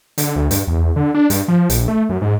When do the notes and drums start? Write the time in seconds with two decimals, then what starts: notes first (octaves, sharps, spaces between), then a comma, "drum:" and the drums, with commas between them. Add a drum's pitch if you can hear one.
0.18 D3, drum: hi-hat
0.36 D2
0.51 G2, drum: hi-hat
0.67 E2
0.96 D3
1.14 D4
1.30 G2, drum: hi-hat
1.48 F3
1.70 A#1, drum: hi-hat
1.88 A3
2.09 F#2
2.22 G#2